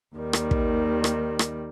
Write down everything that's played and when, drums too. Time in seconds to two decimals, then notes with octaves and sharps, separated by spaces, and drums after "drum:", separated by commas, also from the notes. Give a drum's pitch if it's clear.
0.15 D#2 D#3 G3
0.33 drum: rim click
0.51 drum: kick
1.04 drum: rim click
1.39 drum: rim click